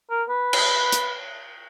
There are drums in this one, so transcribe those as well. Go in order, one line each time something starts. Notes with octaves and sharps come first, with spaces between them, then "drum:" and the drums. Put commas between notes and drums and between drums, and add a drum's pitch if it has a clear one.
A#4
B4
drum: cymbal
drum: hi-hat